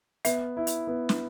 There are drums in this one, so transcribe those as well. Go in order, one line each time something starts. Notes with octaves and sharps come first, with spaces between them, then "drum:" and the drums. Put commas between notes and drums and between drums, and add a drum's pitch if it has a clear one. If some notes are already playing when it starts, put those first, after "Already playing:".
B3 E5, drum: hi-hat
E4
drum: hi-hat
B3
drum: snare